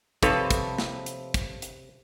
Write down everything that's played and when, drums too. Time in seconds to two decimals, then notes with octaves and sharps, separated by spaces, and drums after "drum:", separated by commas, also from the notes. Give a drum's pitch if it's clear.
0.23 C3 F3 C4 A4 B4 C#5, drum: kick, hi-hat
0.51 drum: kick, hi-hat
0.78 drum: snare
1.06 drum: hi-hat
1.34 drum: kick, hi-hat
1.62 drum: hi-hat